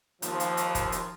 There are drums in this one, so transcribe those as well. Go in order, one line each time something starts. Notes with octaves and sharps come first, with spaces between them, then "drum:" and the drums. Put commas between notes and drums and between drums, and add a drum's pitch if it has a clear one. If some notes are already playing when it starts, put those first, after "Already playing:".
D#2 F3, drum: hi-hat
drum: hi-hat
drum: hi-hat
drum: kick, hi-hat
drum: hi-hat